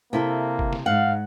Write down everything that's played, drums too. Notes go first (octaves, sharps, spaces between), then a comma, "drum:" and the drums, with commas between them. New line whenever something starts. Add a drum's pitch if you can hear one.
C3 A#3 E4 A4
drum: kick F#1
drum: snare
G#2 F5 F#5